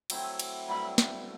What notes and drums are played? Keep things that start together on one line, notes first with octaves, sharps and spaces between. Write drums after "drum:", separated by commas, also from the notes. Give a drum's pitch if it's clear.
F#3 A3 C4 E4, drum: cymbal
drum: cymbal
G2 D3 F#3 A3 B5
drum: snare